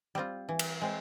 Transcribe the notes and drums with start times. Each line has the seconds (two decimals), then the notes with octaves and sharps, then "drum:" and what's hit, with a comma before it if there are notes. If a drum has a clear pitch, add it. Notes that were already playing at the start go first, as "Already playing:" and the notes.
0.15 G3 C4 F4
0.49 E3
0.59 drum: cymbal
0.81 G#3 C4